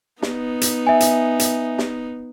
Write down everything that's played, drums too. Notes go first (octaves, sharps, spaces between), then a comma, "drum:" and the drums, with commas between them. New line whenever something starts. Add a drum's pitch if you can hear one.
B3 D#4, drum: snare
drum: hi-hat
E5 G#5
drum: hi-hat
drum: hi-hat
drum: snare